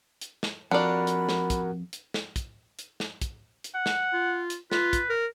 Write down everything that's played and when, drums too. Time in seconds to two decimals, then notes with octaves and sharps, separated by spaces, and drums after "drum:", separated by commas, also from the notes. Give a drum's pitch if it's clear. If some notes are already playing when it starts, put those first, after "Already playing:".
0.21 drum: hi-hat
0.43 drum: snare
0.71 F2 D4 F#4 A#4 D5 F#5 B5
1.07 drum: hi-hat
1.29 drum: snare
1.50 drum: kick, hi-hat
1.93 drum: hi-hat
2.14 drum: snare
2.36 drum: kick, hi-hat
2.79 drum: hi-hat
3.00 drum: snare
3.21 drum: kick, hi-hat
3.64 drum: hi-hat
3.75 F#5
3.86 drum: snare
4.13 F4
4.50 drum: hi-hat
4.72 F4 B4, drum: snare
4.93 drum: kick, hi-hat
5.09 A#4